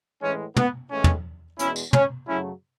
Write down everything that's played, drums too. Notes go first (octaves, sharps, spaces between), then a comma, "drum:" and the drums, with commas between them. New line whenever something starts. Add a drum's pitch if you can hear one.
A2 E3 G#3 C#4
B3, drum: tom
A2 E3 G#3 C#4
drum: tom
E2 B2 G#3 C#4 E4, drum: hi-hat
drum: tambourine
C#4, drum: tom
F#2 C#3 F#3 A3 C#4 E4